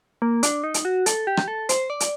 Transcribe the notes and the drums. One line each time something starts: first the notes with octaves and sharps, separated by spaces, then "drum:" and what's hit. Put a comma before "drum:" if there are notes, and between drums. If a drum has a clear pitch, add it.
A#3
D4, drum: hi-hat
D#4
drum: hi-hat
F#4
A4, drum: hi-hat
G4
drum: rim click
A4
C5, drum: hi-hat
D5
drum: hi-hat